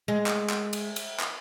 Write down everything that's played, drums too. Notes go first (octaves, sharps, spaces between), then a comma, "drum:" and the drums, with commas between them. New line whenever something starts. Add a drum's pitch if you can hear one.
G#3
drum: clap
drum: clap
drum: cymbal
drum: cymbal
drum: clap